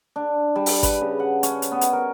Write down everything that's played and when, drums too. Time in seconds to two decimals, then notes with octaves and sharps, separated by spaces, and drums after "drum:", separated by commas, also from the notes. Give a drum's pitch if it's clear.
0.16 D4
0.56 G3
0.66 drum: open hi-hat
0.83 B4, drum: kick G#1, hi-hat
1.01 C#3
1.19 F#5
1.43 C#4, drum: hi-hat
1.62 drum: hi-hat
1.72 B3
1.81 drum: hi-hat
1.93 A#4